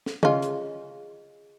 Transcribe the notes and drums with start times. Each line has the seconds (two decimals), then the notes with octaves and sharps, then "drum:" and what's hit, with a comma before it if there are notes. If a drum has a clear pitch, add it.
0.06 drum: snare
0.23 C#4 F4 G#4 D#5, drum: tom C#3
0.42 drum: hi-hat